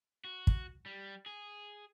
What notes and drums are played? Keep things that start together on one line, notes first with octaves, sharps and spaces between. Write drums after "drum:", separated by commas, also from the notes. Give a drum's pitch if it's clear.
F#4
drum: kick
G3
G#4